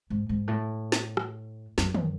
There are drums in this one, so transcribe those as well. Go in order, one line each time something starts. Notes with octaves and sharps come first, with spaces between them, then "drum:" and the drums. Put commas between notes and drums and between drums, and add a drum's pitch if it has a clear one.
G#2
G#2
A2
drum: snare
drum: rim click
F#2, drum: snare
drum: tom